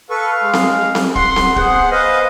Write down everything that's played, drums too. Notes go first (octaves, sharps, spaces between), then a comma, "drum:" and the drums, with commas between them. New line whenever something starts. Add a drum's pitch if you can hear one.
A4 B4 F5 C#6
G#3
drum: snare C4
drum: snare C4
F#5 C6, drum: kick C#1
drum: snare C4
B3 G#4 C5 F#5, drum: kick C#1
B4 C5 D#5 F5